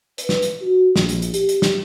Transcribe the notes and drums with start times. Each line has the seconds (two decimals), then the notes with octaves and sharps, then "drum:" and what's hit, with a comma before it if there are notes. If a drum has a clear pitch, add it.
0.18 B4, drum: hi-hat
0.29 drum: snare
0.42 drum: hi-hat
0.61 F#4
0.96 A#1, drum: snare
1.09 drum: hi-hat
1.22 drum: hi-hat
1.34 G4, drum: hi-hat
1.49 drum: hi-hat
1.62 drum: snare